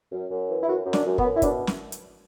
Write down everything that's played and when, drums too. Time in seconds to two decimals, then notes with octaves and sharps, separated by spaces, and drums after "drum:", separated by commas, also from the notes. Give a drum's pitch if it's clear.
0.12 F#2
0.30 F#2
0.49 E3
0.62 E4
0.68 F#2 F#4
0.86 F#2
0.93 D4, drum: snare
1.05 F#2
1.18 B3, drum: kick
1.24 F#2
1.36 E4
1.42 B2 D4, drum: kick, hi-hat
1.67 drum: snare
1.92 drum: hi-hat